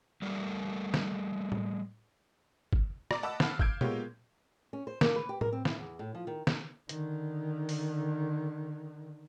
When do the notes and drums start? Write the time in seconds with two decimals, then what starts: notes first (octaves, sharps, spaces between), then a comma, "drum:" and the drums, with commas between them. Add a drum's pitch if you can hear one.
0.22 G3 A3 A#3 A#4 D5
0.94 drum: snare
1.52 drum: tom A2
2.73 drum: kick G1
3.11 D5 A#5 D6, drum: rim click
3.23 D#5 F#5 A5 B5 D6 E6
3.40 F5 F#5 A5 B5, drum: snare
3.59 F5 E6 G6 G#6 D7, drum: kick G1
3.81 G#3 A#3 B3 F4 G4 C#5, drum: tom A#2
4.73 C#4
4.87 C5
5.01 A#3, drum: snare
5.16 B4
5.29 G4
5.41 A#4, drum: tom A2
5.52 C4
5.65 E4, drum: snare
5.80 E2
5.99 A2
6.15 F3
6.27 D#3
6.47 drum: snare
6.89 D3 D#3, drum: hi-hat
7.69 drum: open hi-hat